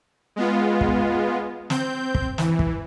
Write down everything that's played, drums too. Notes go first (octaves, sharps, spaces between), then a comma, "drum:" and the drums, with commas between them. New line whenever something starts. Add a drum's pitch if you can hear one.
G#3 B3 F4
drum: kick
C4 G6, drum: snare
drum: kick
E3, drum: snare
drum: kick